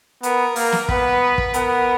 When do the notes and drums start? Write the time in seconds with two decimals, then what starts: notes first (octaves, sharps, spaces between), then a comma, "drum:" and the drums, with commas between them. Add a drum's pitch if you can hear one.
0.23 B3 A#4, drum: hi-hat
0.56 A#3, drum: open hi-hat
0.72 drum: snare
0.89 B3 B4, drum: kick
1.38 drum: kick
1.54 B3 A#4, drum: hi-hat